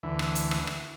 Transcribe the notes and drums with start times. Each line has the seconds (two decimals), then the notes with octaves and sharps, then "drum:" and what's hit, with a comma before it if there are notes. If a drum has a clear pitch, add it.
0.03 D2 E3
0.19 drum: rim click
0.35 drum: hi-hat
0.51 drum: rim click
0.67 drum: rim click